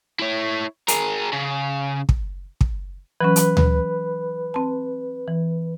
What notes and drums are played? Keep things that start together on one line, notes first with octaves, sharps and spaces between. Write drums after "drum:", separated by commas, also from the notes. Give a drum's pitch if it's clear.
E4 C#5
G#4 A#4, drum: hi-hat
C#3
drum: kick
drum: kick
E3 F#3 C#4 B4
drum: hi-hat
drum: tom D2
C4 A5
E3